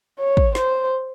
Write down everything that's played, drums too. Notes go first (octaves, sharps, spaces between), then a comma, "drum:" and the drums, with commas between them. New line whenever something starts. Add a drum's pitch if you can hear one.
C#5
drum: kick
C5, drum: snare